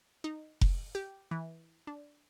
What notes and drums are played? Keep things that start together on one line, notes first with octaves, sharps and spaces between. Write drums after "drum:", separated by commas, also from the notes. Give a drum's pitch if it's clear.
D#4
drum: kick F1
G4
E3
D4